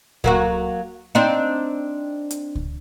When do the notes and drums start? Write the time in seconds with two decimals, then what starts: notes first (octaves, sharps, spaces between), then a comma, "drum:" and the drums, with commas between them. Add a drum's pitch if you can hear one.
0.24 F#3 A#3 F#4, drum: kick C#2
1.15 C4 D4 D#4
2.31 drum: hi-hat
2.55 drum: kick C#2